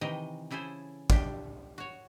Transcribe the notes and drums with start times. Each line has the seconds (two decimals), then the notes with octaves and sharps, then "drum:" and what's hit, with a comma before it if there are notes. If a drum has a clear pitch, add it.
0.01 C3 D#3 E3 D#5 G5
0.51 C#3 E4 G#4 A4 C5
1.10 D4 G4, drum: kick
1.78 F#4 C#5